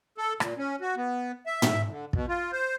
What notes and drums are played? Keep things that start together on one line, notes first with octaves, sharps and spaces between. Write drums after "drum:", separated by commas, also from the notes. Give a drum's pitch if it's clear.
A4
A#2, drum: rim click
C#4
F#4
B3
E5
drum: tom
D3
B2, drum: kick
F4
C5